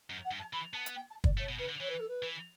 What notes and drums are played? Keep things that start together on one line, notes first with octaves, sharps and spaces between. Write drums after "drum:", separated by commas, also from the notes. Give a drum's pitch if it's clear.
F#2
F#5
G2
A5
E3 B5
B3 A5
drum: hi-hat
G5
A5
D5, drum: kick
A3 C#5
B2
C#3 B4
D3
E3 C#5
B4
A4
B4
E3